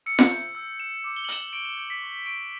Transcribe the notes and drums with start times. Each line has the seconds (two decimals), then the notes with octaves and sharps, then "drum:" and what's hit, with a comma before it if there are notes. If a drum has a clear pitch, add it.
0.06 E6 C#7
0.19 drum: snare F4
0.31 G6
0.55 E6
0.80 F#6 E7
1.04 D6
1.16 G7
1.25 F#7
1.28 F#6 E7, drum: hi-hat
1.41 F#7
1.52 C#6 D7
1.65 E7
1.77 G6 D7
1.90 B6
2.02 C#6
2.26 C#6 D7